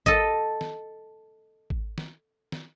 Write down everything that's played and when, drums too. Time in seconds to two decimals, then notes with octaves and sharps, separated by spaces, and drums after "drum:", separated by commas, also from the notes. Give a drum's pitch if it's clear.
0.06 A4 D#5, drum: kick G#1
0.61 drum: snare
1.70 drum: kick G#1
1.98 drum: snare
2.52 drum: snare